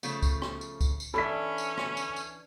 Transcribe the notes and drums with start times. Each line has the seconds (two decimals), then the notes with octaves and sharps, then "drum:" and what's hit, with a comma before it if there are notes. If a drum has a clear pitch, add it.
0.03 C#3 F3 A3, drum: tambourine
0.22 drum: kick C#2, tambourine
0.42 drum: rim click
0.61 drum: tambourine
0.81 drum: kick C#2, tambourine
1.00 drum: tambourine
1.14 E3 C#4 D4 A4 E5 B5 B6
1.58 drum: tambourine
1.77 drum: rim click
1.97 drum: tambourine
2.16 drum: tambourine